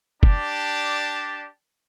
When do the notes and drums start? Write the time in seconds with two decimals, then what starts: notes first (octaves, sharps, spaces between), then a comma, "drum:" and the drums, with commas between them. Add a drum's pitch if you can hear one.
0.23 D4 G4 D5 A5, drum: kick F#1